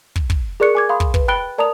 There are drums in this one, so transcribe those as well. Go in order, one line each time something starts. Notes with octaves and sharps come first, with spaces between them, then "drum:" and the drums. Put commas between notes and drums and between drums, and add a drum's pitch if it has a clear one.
drum: kick
drum: kick
G#4 A#4 D5 C#6 F#6 C#7
G#5 D6 G#6
F5 B5 C6 D#6
drum: kick
B4, drum: kick
G5 B5 F#6 A6 D7 G7
A#4 D5 A5 A#5 D#6 F7